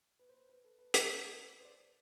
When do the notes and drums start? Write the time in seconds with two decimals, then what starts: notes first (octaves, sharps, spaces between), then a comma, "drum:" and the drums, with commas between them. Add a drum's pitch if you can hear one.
0.19 B4
0.29 C5
0.34 B4
0.49 B4
0.64 A4
0.79 B4
0.94 drum: hi-hat
1.07 A4
1.37 B4
1.60 C5
1.65 D5